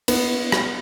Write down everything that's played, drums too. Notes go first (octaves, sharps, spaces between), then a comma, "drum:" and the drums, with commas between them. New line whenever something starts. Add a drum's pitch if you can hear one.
B3, drum: cymbal
drum: rim click